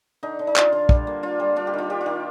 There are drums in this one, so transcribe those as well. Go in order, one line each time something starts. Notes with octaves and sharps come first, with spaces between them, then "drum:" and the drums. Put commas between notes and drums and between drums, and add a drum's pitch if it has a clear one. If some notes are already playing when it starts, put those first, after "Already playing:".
D3 D#4
D3
D#4
D3 F4, drum: clap
D3
G3, drum: kick
A#3
D3 F4
G3
D4 F4
G4
D#3 F4
D4 G4
F4
D#3